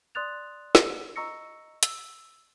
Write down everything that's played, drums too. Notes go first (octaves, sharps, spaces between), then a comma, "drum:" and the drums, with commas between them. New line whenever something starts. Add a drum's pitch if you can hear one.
D5 C6 D#6 F#6 A6 F7
drum: snare
D#5 A#5 C#6 E6 A#6 C#7
E6, drum: hi-hat